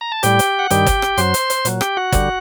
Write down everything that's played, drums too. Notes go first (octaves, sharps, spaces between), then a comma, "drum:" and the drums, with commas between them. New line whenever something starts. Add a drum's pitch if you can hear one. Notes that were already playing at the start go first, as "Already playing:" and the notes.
A#5
A5
A2 G3 G4 G5, drum: hi-hat
drum: hi-hat
F#5
G2 D#3 G3 G4 G5, drum: hi-hat
drum: kick G1, hi-hat
drum: rim click
F#2 F#3 C5 C6, drum: hi-hat
drum: hi-hat
drum: hi-hat
A#2 F#3, drum: hi-hat
G4 G5, drum: rim click
F#4 F#5
D3 G3, drum: kick G1, hi-hat